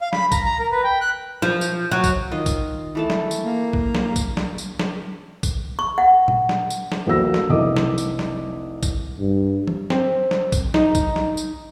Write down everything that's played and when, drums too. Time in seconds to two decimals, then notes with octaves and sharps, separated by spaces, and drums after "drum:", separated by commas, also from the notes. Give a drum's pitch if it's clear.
0.01 F5
0.13 B5, drum: snare
0.32 A#5, drum: kick, tambourine
0.45 A#5
0.59 A#4
0.71 B4
0.84 G5
1.01 F#6
1.42 F3, drum: snare
1.61 drum: tambourine
1.91 F#3
2.04 drum: kick, tambourine
2.31 D#3 F4 D#5
2.46 drum: kick, tambourine
2.95 E3 A3 A5
3.10 drum: snare
3.31 drum: tambourine
3.43 A#3
3.73 drum: kick
3.95 drum: snare
4.16 drum: kick, tambourine
4.37 drum: snare
4.58 drum: tambourine
4.79 drum: snare
5.43 drum: kick, tambourine
5.79 C#6
5.98 F#5
6.28 drum: tom A#2
6.49 drum: snare
6.70 drum: tambourine
6.92 drum: snare
7.06 D#1 A#1 A#3 F#4 E6 A#6
7.34 drum: snare
7.49 F1 C2 D#5 D6 D#6
7.77 drum: snare
7.98 drum: tambourine
8.19 drum: snare
8.83 drum: kick, tambourine
9.19 G2
9.67 drum: tom E3
9.90 C4, drum: snare
10.31 drum: snare
10.52 drum: kick, tambourine
10.74 D#4, drum: snare
10.95 drum: kick, tambourine
11.16 drum: snare
11.37 drum: tambourine